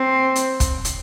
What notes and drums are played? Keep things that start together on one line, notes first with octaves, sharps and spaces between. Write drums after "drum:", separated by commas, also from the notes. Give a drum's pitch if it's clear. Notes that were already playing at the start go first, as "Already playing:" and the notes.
Already playing: C4
drum: hi-hat
drum: kick, hi-hat
drum: hi-hat